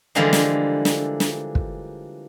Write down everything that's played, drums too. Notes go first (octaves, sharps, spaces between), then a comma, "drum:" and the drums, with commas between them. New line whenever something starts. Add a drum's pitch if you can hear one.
D3 E3 F3 G3 G#3 A#3
drum: snare
drum: snare
drum: snare
drum: kick